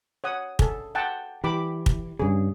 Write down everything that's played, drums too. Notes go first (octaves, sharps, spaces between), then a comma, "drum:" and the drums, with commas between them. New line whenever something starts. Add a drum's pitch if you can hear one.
C#5 F#5 D#6
G#4 A4, drum: kick
F#5 G5 A5
E3 G4 B5 D6
drum: kick
G2 C#3 G#4